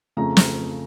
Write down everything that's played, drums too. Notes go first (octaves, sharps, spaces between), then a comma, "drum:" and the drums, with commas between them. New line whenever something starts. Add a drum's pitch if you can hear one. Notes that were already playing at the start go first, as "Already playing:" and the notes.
F2 C#3 F3 A3 A#5
drum: snare